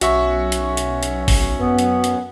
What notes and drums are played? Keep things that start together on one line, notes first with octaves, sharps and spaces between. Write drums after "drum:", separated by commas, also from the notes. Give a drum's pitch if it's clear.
B1 C#4 F#4 E5 C#6, drum: hi-hat
drum: hi-hat
drum: hi-hat
drum: hi-hat
drum: kick G#1, open hi-hat
F#2 B3
drum: hi-hat
drum: hi-hat